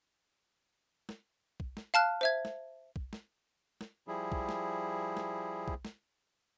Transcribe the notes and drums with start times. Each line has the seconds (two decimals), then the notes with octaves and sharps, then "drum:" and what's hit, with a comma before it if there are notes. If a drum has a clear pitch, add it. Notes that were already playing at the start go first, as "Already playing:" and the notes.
1.09 drum: snare
1.60 drum: kick
1.77 drum: snare
1.94 F5 A5 F6 F#6
2.21 C5 E5 G#6
2.45 drum: snare
2.96 drum: kick
3.13 drum: snare
3.81 drum: snare
4.08 F3 G3 E4 G#4
4.32 drum: kick
4.49 drum: snare
5.17 drum: snare
5.68 drum: kick
5.85 drum: snare